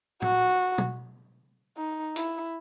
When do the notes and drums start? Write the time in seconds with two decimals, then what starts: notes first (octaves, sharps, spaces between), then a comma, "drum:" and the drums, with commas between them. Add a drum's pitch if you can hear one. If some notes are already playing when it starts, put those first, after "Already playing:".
0.22 F#4, drum: tom
0.78 drum: tom
1.77 D#4
2.16 E4, drum: hi-hat